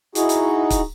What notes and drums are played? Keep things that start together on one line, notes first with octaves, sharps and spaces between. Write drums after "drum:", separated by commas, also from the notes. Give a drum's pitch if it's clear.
D#4 E4 F#4 G#4, drum: hi-hat
drum: hi-hat
drum: kick, hi-hat